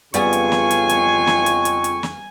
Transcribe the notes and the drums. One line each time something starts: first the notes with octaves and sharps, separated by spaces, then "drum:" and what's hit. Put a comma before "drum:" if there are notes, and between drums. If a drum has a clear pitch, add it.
F2 C#3 G3 B3 F4 G#4 G#5 C#6, drum: hi-hat
drum: hi-hat
drum: snare
drum: hi-hat
drum: hi-hat
drum: snare
drum: hi-hat
drum: hi-hat
drum: hi-hat
drum: snare